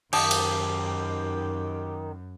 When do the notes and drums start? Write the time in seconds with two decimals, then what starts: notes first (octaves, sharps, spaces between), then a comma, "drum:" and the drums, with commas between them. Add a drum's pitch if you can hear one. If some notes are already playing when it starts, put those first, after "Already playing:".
0.13 F#2 D#3 G4 A5 D#6 C#7, drum: cymbal
0.31 drum: cymbal